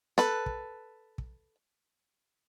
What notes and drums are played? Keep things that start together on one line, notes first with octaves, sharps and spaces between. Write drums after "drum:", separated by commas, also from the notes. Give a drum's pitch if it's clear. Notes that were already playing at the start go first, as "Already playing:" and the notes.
A4 B4, drum: snare
drum: kick
drum: kick